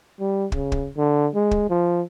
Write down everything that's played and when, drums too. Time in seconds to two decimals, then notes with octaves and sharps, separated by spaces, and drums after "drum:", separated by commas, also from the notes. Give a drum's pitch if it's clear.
0.20 G3
0.52 C#3, drum: kick
0.72 drum: kick
0.97 D3
1.35 G#3
1.51 drum: kick
1.70 F3